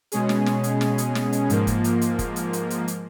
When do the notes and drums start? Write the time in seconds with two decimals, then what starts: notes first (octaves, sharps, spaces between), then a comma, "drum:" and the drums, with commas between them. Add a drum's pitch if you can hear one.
0.12 B2 G#3 C#4 G#4, drum: hi-hat
0.29 drum: snare
0.46 drum: snare
0.64 drum: hi-hat
0.81 drum: snare
0.98 drum: hi-hat
1.15 drum: snare
1.33 drum: hi-hat
1.50 G#2 F3 A#3, drum: hi-hat
1.67 drum: kick F1, hi-hat
1.84 drum: hi-hat
2.01 drum: hi-hat
2.19 drum: kick F1, hi-hat
2.36 drum: hi-hat
2.53 drum: hi-hat
2.70 drum: hi-hat
2.88 drum: hi-hat